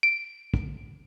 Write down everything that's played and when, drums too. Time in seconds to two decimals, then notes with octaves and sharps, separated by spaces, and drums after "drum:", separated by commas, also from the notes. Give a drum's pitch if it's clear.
0.03 D7
0.54 drum: kick